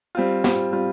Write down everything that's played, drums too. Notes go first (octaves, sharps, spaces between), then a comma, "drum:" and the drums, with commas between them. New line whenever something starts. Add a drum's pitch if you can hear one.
G3 C4 F4
G3 C4 F4, drum: snare
G3 C4 F4